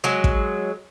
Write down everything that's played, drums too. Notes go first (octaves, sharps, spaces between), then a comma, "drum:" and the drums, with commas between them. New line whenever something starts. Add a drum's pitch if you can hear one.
F#3 G#3
drum: kick